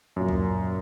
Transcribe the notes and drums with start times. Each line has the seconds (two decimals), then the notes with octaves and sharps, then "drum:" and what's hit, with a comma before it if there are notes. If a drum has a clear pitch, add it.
0.16 F#2 A#2
0.29 drum: kick C#2